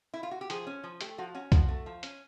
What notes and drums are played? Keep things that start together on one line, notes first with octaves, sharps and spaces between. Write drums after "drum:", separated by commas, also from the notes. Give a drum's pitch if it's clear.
E4
F4
F#4
G4
F3 G#4, drum: hi-hat
C#4
F3
A3 G4, drum: hi-hat
F3 F#4
C#4 F#4
F3 F#4, drum: kick C2, hi-hat
A3
F3
C#4, drum: hi-hat